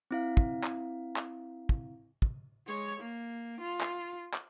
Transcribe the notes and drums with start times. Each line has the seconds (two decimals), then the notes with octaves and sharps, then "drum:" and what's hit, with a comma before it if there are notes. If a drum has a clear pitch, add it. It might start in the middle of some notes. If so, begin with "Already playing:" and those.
0.11 C4 E4 F5
0.37 drum: kick
0.63 drum: clap
1.16 drum: clap
1.69 drum: kick
2.22 drum: kick
2.66 G#3 C#5
2.99 A#3
3.60 F4
3.81 drum: clap
4.34 drum: clap